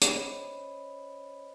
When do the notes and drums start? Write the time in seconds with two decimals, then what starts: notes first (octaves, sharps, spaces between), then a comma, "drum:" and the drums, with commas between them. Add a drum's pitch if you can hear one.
0.01 C#4 C5 C#5 D#5 B5, drum: hi-hat